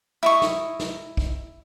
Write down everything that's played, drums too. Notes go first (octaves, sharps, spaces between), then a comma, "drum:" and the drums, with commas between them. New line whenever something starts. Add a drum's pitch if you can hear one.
E4 D#5 C#6
drum: snare
drum: snare
drum: kick